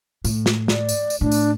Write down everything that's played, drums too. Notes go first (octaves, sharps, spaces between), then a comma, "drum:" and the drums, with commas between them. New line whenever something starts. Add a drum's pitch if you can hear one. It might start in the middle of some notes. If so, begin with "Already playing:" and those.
A2, drum: tambourine
drum: snare
D5, drum: snare
drum: tambourine
drum: tambourine
A2 D4
drum: tambourine